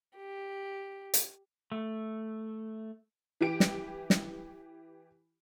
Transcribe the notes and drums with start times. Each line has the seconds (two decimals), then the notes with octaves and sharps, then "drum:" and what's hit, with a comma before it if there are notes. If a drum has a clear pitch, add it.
0.18 G4
1.14 drum: hi-hat
1.72 A3
3.41 E3 G4 D7
3.60 drum: snare
4.10 drum: snare